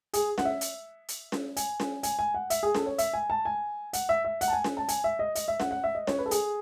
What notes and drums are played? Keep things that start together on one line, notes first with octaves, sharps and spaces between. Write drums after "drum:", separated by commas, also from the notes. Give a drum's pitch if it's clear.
G#4, drum: hi-hat
F#5, drum: snare C#4
E5
drum: hi-hat
drum: hi-hat
drum: snare C#4
G#5, drum: hi-hat
drum: snare C#4
G#5, drum: hi-hat
G#5
F#5
E5, drum: hi-hat
G#4
A4, drum: snare C#4
C#5
E5, drum: hi-hat
G#5
A5
G#5
F#5, drum: hi-hat
E5
E5
F#5, drum: hi-hat
A5
G#5
drum: snare C#4
A5
G#5, drum: hi-hat
E5
D#5
D#5, drum: hi-hat
E5
F#5, drum: snare C#4
F#5
E5
D#5
C#5, drum: snare C#4
B4
A4
G#4, drum: hi-hat